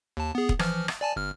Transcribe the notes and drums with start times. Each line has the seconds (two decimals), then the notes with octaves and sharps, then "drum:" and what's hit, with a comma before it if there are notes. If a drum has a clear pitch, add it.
0.17 D#2 A5
0.35 B3 G#4
0.49 drum: kick
0.59 E3 F3 F6, drum: rim click
0.88 drum: rim click
1.01 D5 G#5 A5
1.16 G1 F6